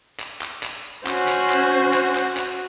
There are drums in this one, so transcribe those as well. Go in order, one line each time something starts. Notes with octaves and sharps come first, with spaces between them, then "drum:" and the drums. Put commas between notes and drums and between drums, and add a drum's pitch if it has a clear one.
drum: clap
drum: clap
drum: clap
drum: tambourine
C#4 F#4 C5, drum: clap
drum: clap
drum: clap
drum: tambourine
drum: clap
drum: clap
drum: clap